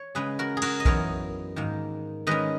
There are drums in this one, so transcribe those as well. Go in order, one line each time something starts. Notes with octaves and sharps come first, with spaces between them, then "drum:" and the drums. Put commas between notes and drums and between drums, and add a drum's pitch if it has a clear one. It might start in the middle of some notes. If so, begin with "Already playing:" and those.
Already playing: C#5
C#3 G#3 C#4 G#4 B4
F#4 A#4
G#4
F#4 A#4, drum: cymbal
D#5
F#2 E3 B3 D#4 A#4 C#5, drum: kick B1
G#2 D#3 A#3
D#3 G#3 C#4 B4 D#5